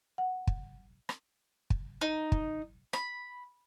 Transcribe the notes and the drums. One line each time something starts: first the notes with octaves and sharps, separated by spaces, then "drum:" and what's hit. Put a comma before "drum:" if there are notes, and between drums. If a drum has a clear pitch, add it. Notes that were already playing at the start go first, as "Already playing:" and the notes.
F#5
drum: kick
drum: rim click
drum: kick
D#4
drum: kick
B5, drum: rim click